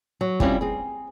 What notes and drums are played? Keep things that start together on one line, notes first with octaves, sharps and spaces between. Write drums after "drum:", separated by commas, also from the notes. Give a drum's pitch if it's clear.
F#3
G3 C4 C#4 E4 F4 G4, drum: kick
C4 G#4